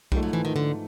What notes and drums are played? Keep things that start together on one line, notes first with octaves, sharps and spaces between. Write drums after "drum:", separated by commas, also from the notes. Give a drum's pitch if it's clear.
G#2 F3 G3 A3, drum: kick B1
F#3
E3
D#3
D3